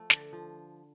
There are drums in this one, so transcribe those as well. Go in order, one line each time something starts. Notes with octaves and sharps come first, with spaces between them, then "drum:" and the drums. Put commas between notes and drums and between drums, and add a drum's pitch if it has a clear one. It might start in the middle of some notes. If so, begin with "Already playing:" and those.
Already playing: F3 A3
D3, drum: snare
F3